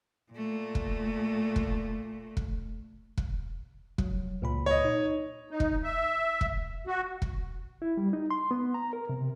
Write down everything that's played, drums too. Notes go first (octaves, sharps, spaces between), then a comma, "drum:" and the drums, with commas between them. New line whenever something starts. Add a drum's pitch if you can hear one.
A#2 A3
drum: kick
drum: kick
drum: kick
drum: kick
F#3, drum: kick
C#2 A#2 B5
C#5 D#5
D#4
D#4
drum: kick
E5
drum: kick
F#4
drum: kick
E4
G3
D#4
C6
B3
A#5
A#4
C3